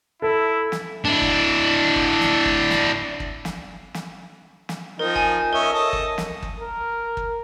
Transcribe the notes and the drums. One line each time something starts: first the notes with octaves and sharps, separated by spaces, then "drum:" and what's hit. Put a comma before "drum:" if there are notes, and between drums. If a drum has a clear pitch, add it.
E4 A4
drum: snare
D4 E4
drum: kick
drum: kick
drum: snare
drum: kick
drum: snare
drum: kick
drum: snare
drum: snare
drum: snare
F3 C4 D#4 A#4
G#5, drum: kick
C#4 A#4 D#5 E5
A4 D#5
drum: kick
drum: snare
drum: kick
A#4
drum: kick